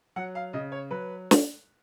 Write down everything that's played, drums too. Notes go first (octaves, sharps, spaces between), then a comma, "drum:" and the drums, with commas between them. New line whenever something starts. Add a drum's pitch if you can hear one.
F#3 F#5
F5
C#3 D#5
C#5
F#3 B4
drum: snare